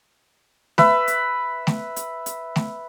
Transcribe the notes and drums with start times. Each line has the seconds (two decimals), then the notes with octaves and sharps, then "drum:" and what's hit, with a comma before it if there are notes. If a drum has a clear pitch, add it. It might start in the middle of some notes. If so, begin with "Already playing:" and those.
0.78 B4 E5, drum: snare A3
1.08 drum: hi-hat
1.67 drum: snare A3
1.96 drum: hi-hat
2.26 drum: hi-hat
2.56 drum: snare A3